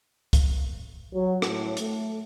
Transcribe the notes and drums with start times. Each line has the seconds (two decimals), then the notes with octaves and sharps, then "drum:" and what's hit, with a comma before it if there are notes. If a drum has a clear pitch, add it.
0.33 drum: kick C2, hi-hat
1.13 F#3
1.42 A2, drum: rim click
1.77 A3, drum: hi-hat